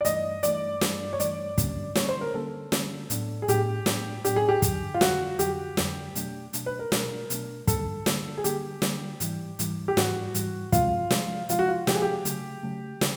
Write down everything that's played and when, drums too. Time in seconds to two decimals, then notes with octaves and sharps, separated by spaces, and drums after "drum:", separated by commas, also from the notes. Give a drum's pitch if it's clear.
0.01 D5
0.05 G2 E3 A3 D#5, drum: hi-hat
0.43 G2 E3 A3 D5, drum: hi-hat
0.81 G2 E3 A3, drum: snare
1.13 C#5
1.20 G2 E3 A3 D5, drum: hi-hat
1.58 D3 G3 A#3 C#4, drum: kick, hi-hat
1.95 D3 G3 A#3 C#4 C#5, drum: snare
2.09 C5
2.21 A#4
2.34 D3 G3 A#3 C#4 A4
2.72 D3 G3 A#3 C#4, drum: snare
3.10 A2 F#3 B3 D4, drum: hi-hat
3.42 G#4
3.48 A2 F#3 B3 D4 G4, drum: hi-hat
3.86 A2 F#3 B3 D4, drum: snare
4.25 A2 F#3 B3 D4 G4, drum: hi-hat
4.36 G#4
4.49 G4
4.62 F2 D3 F#3, drum: kick, hi-hat
4.94 F4
5.01 F2 D3 F#3 F#4, drum: snare
5.39 F2 D3 F#3 G4, drum: hi-hat
5.77 F2 D3 F#3, drum: snare
6.15 B2 F#3 A3 D4, drum: hi-hat
6.53 B2 F#3 A3 D4, drum: hi-hat
6.66 B4
6.79 A#4
6.92 B2 F#3 A3 D4, drum: snare
7.30 B2 F#3 A3 D4, drum: hi-hat
7.67 D3 G3 A#3 A4, drum: kick, hi-hat
8.06 D3 G3 A#3, drum: snare
8.38 G#4
8.44 D3 G3 A#3 G4, drum: hi-hat
8.82 D3 G3 A#3, drum: snare
9.20 G#2 E3 G3, drum: hi-hat
9.59 G#2 E3 G3, drum: hi-hat
9.88 G4
9.97 G#2 E3 G3 F#4, drum: snare
10.34 G#2 E3 G3, drum: hi-hat
10.72 C3 F3 G#3 F4, drum: kick, hi-hat
11.11 C3 F3 G#3, drum: snare
11.49 C3 F3 G#3 F4, drum: hi-hat
11.59 F#4
11.69 F4
11.87 C3 F3 G#3 G4, drum: snare
11.94 G#4
12.02 G4
12.25 C#3 F#3 A3, drum: hi-hat
12.63 C#3 F#3 A3
13.01 C#3, drum: snare